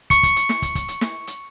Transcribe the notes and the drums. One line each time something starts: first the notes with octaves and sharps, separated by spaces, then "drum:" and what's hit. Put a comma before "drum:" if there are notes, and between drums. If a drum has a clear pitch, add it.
C#6 C#7, drum: kick, hi-hat
drum: kick, hi-hat
drum: hi-hat
drum: snare
drum: kick, hi-hat
drum: kick, hi-hat
drum: hi-hat
drum: snare
drum: hi-hat